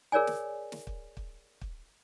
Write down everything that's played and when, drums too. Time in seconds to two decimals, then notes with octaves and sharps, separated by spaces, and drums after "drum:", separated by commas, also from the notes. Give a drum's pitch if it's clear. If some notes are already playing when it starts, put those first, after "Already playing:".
0.12 G#4 A#4 C#5 D5 G#5
0.27 drum: snare
0.72 drum: snare
0.87 drum: kick
1.17 drum: kick
1.61 drum: kick